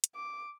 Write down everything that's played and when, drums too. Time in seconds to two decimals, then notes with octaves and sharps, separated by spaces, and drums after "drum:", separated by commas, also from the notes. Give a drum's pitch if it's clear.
0.04 drum: hi-hat
0.15 D6